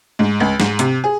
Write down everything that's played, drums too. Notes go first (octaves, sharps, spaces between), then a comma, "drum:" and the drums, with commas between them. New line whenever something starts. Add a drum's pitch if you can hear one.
G#2
C#2
G#2, drum: snare
C3, drum: hi-hat
G#4